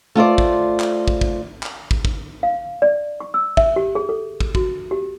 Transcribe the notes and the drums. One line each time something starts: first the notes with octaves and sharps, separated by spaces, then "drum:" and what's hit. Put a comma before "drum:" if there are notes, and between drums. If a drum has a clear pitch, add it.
A3 F4 C5 D5
drum: kick
drum: clap
drum: kick
drum: kick
drum: clap
drum: kick
drum: kick
F5
D5
C#6
E6
E5, drum: kick
G4
G#4
A4
drum: kick
F#4, drum: kick
G4